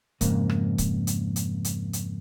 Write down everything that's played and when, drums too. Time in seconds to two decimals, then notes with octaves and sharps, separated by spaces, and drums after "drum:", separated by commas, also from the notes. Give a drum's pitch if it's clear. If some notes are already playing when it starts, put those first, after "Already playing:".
0.21 F2 G#2 C#3 A#3, drum: kick C#1, hi-hat
0.50 drum: rim click
0.78 drum: kick C#1, hi-hat
1.07 drum: hi-hat
1.36 drum: hi-hat
1.65 drum: hi-hat
1.93 drum: hi-hat